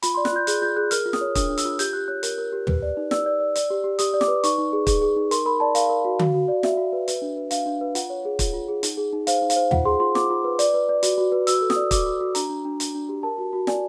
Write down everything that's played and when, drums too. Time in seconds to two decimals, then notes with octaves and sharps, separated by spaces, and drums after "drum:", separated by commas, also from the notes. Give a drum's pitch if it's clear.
0.03 F4 B5, drum: hi-hat
0.15 D5 C6
0.25 F#6, drum: snare
0.33 F4 G6
0.47 G#4 F#6, drum: hi-hat
0.62 F4 G6
0.76 G#4 F#6
0.91 A#4 F6, drum: hi-hat
1.06 F4
1.13 D#6, drum: snare
1.21 C#5
1.35 D4 D#6, drum: kick, hi-hat
1.50 D4
1.58 E6, drum: hi-hat
1.65 F4
1.79 G4 G6, drum: hi-hat
1.93 G4 F#6
2.08 C#5 F#6
2.23 A#4, drum: hi-hat
2.38 A#4
2.52 G4
2.67 B4, drum: tom
2.82 D5
2.97 D#4
3.11 D5 E6, drum: snare
3.26 D5
3.40 D5
3.55 D5, drum: hi-hat
3.70 G4
3.84 G4
3.99 G4 D#6, drum: hi-hat
4.14 D5
4.21 D6, drum: snare
4.28 B4
4.44 D#4 C#6, drum: hi-hat
4.58 D#4
4.73 G#4
4.87 G#4, drum: kick, hi-hat
5.02 G#4
5.16 D#4
5.31 A#4 C6, drum: hi-hat
5.46 A#4 B5
5.60 D5 A5
5.75 A#4 F5, drum: hi-hat
5.89 A#4
6.05 F#4
6.19 F#4, drum: tom D3
6.34 F#4
6.48 D5
6.63 F#4 E5, drum: snare
6.77 F#4
6.93 B4
7.08 B4, drum: hi-hat
7.22 D4
7.37 B4
7.51 D4 F5, drum: hi-hat
7.66 D4
7.81 B4
7.95 F4 F#5, drum: hi-hat
8.10 C#5
8.25 G#4
8.39 F4, drum: kick, hi-hat
8.53 F4
8.68 G#4
8.83 D#4, drum: hi-hat
8.97 G#4
9.13 D#4
9.27 C5 F5, drum: hi-hat
9.42 D#4
9.50 F5, drum: hi-hat
9.56 C5
9.71 F4 F#5, drum: tom
9.85 G#4 C6
10.00 F4 C6
10.15 F4 D6, drum: snare
10.30 F4
10.44 B4
10.59 D5, drum: hi-hat
10.74 B4
10.89 D5
11.03 F#4, drum: hi-hat
11.18 F#4
11.32 B4
11.47 F#4 E6, drum: hi-hat
11.61 A4
11.70 D#6, drum: snare
11.76 D5
11.91 F#4 D6, drum: kick, hi-hat
12.06 F#4
12.21 F#4
12.35 D4 A#5, drum: hi-hat
12.49 D4
12.65 D4
12.80 D4, drum: hi-hat
12.94 D4
13.09 G4
13.23 A#4 A5
13.38 F#4
13.53 F#4
13.67 D5 G#5, drum: snare